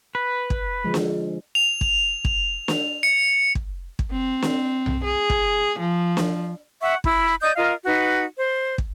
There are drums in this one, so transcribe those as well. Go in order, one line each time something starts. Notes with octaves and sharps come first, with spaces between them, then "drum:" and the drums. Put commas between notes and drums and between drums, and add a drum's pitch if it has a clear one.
B4
drum: kick
D3 F3 G#3
drum: snare
F7
drum: kick
drum: kick
drum: snare
C#7
drum: kick
drum: kick
C4
drum: snare
drum: tom B1
G#4
drum: kick
F3
drum: snare
E5 F#5 C#6
E4 B5, drum: kick
D5 D#5 D#6 G6
F4 A#4 D#5 F5
D#4 F#4 B4
C5
drum: kick